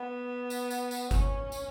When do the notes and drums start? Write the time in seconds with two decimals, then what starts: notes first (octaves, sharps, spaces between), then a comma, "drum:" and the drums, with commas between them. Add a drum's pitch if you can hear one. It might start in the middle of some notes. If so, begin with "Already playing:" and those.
Already playing: B3
0.50 drum: tambourine
0.71 drum: tambourine
0.91 drum: tambourine
1.11 C#4, drum: kick G1, tambourine
1.52 drum: tambourine